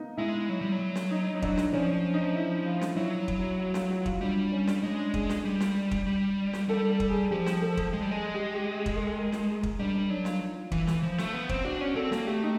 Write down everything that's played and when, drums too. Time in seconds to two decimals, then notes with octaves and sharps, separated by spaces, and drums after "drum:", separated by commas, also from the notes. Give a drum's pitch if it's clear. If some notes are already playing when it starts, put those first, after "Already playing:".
Already playing: A#3 B3 D#4
0.17 G#3 E4
0.49 F#3
0.61 G3
0.72 F#3
0.95 drum: snare
1.11 D#4
1.34 D#4
1.42 D4, drum: kick
1.57 drum: snare
1.73 F3 C#4
1.94 D4
2.14 D#4
2.35 E4
2.66 F4
2.81 drum: snare
2.96 F#3 E4
3.28 drum: kick
3.39 F#4
3.59 F#4
3.74 F4, drum: snare
3.90 F#4
4.06 F4, drum: kick
4.21 G3 D4
4.52 C#4
4.67 drum: snare
4.83 G#3 D4
5.14 G#4, drum: kick
5.29 drum: snare
5.45 G3
5.60 drum: snare
5.91 drum: kick
6.07 G3
6.53 drum: snare
6.69 G3 A4
6.89 A4
7.00 drum: kick
7.10 G#4
7.31 F3 G4
7.46 drum: snare
7.62 A4
7.77 drum: kick
7.93 G#3
8.02 G3
8.11 G#3 G#4
8.34 G4
8.55 G4
8.75 G#4
8.86 drum: kick
8.96 A4
9.17 A#4
9.32 drum: snare
9.47 G#4
9.63 drum: kick
9.79 G3 D4
9.94 D4
10.09 F#3 D#4
10.25 F4, drum: snare
10.72 E3, drum: kick
10.87 drum: snare
11.03 F3
11.18 A3, drum: snare
11.34 B3
11.49 C4, drum: kick
11.64 D4 F#4
11.81 C#4
11.95 C4 A4
12.12 A#3, drum: snare
12.26 A3 G4
12.43 D#4